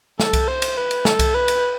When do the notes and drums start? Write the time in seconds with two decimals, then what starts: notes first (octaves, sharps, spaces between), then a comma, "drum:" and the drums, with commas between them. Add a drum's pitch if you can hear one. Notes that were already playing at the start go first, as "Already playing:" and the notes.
0.20 A4, drum: snare
0.33 drum: kick C2, cymbal
0.48 C5
0.62 drum: cymbal
0.77 B4
0.91 drum: cymbal
1.05 A4, drum: snare
1.19 drum: kick C2, cymbal
1.34 B4
1.48 drum: cymbal